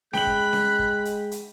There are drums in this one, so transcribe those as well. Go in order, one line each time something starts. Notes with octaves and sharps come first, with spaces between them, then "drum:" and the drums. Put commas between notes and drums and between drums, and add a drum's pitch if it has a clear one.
G#3 G5 B5 F#6 F#7, drum: snare C#4
drum: kick
drum: snare C#4
drum: kick
drum: hi-hat
drum: hi-hat